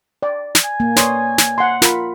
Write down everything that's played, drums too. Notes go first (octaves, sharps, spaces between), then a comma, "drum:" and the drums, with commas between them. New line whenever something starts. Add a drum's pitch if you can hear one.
D5
drum: snare
G#5
A#3
B4 C#5 D5 C6 D#6, drum: snare
drum: snare
F#5 C6
F4 A#4 B5, drum: snare